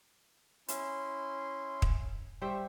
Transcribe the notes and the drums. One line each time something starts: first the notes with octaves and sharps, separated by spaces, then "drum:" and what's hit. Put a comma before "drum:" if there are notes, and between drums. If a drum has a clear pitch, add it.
C#4 E4 C6, drum: hi-hat
drum: kick
G3 C5 E5 C#6